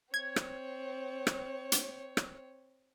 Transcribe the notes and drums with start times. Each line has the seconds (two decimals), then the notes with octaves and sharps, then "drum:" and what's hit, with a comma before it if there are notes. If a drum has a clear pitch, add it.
0.14 C4 C#5 G#6
0.36 drum: rim click
1.27 drum: rim click
1.72 drum: hi-hat
2.17 drum: rim click